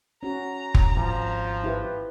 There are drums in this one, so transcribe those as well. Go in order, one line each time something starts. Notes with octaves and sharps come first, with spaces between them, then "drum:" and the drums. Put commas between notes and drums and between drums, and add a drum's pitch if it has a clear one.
C#4 F#4 A#5
drum: kick F1
G#1 F3
E4 G4 B4